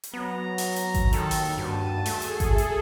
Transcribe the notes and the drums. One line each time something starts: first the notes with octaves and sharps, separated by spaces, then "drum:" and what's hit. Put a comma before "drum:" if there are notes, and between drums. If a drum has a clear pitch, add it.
drum: hi-hat
F#3 B3 A#5
drum: open hi-hat
drum: hi-hat
drum: kick G#1, hi-hat
D#2 D#3 A4, drum: hi-hat
drum: open hi-hat
G2 F#4 A5 D#7
A3 G#4 A4, drum: open hi-hat
drum: hi-hat
drum: kick G#1, hi-hat
drum: hi-hat